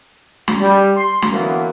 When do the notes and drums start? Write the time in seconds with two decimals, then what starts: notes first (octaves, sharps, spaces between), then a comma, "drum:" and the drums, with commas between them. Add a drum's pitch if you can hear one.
0.48 drum: snare
0.60 G3
0.97 C6
1.22 drum: snare
1.33 D3 E3 F#3 A#3 B3